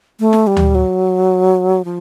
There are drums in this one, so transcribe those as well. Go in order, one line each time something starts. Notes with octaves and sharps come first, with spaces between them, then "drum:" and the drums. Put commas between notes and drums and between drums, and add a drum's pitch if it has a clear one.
A3
drum: snare
G3
drum: tom D2
F#3
F3